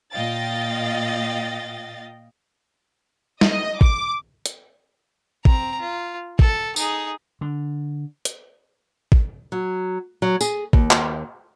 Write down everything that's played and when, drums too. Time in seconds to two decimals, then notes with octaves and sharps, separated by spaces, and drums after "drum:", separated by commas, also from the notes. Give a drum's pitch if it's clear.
0.12 A#2 D#5 F5 G5 A6
3.41 D#5, drum: snare
3.81 D6, drum: kick
4.46 drum: hi-hat
5.45 C4 A#5, drum: kick
5.80 F4
6.39 A4, drum: kick
6.76 D#4 G#4, drum: tambourine
7.41 D3
8.25 drum: hi-hat
9.12 drum: kick
9.52 F#3
10.22 F#3
10.41 G#4, drum: tambourine
10.73 D#2, drum: kick
10.91 drum: clap